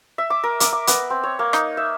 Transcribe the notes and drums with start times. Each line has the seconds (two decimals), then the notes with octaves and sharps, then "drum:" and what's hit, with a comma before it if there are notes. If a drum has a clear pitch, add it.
0.18 E5
0.30 D6
0.44 A#4
0.60 D6, drum: hi-hat
0.73 D6
0.87 B3, drum: hi-hat
1.10 C4
1.24 C#5
1.39 A#3
1.53 D#4, drum: rim click
1.77 E5